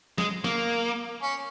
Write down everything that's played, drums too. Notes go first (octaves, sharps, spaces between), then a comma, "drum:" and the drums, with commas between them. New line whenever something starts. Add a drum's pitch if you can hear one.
G#3, drum: snare
A#3, drum: snare
C#4